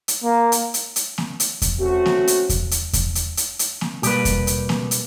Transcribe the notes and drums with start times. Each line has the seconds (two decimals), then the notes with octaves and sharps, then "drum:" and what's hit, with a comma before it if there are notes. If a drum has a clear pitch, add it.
0.08 drum: hi-hat
0.24 A#3
0.52 drum: hi-hat
0.74 drum: hi-hat
0.96 drum: hi-hat
1.18 drum: snare A#3
1.40 drum: hi-hat
1.62 drum: kick E2, hi-hat
1.79 A3 C4 C#4 F#4
2.06 drum: snare A#3
2.27 drum: hi-hat
2.49 drum: kick E2, hi-hat
2.71 drum: hi-hat
2.93 drum: kick E2, hi-hat
3.15 drum: hi-hat
3.37 drum: hi-hat
3.59 drum: hi-hat
3.81 drum: snare A#3
4.03 B2 G3 A#3 G4 B4, drum: hi-hat
4.25 drum: kick E2, hi-hat
4.47 drum: hi-hat
4.69 drum: snare A#3
4.91 drum: hi-hat